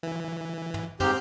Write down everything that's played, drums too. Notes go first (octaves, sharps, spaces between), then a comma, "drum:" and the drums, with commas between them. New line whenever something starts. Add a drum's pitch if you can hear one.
E3
drum: tom
G#2 C4 G4 F6 G6, drum: tom